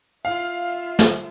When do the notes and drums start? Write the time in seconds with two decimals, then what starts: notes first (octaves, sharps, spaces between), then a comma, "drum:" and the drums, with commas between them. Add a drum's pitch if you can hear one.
0.25 F4 E5 F5
0.99 drum: snare